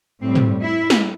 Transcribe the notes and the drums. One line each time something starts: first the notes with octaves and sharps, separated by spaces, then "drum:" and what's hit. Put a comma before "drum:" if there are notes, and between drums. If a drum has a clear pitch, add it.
A2 G3 C4
drum: tom
E4
drum: snare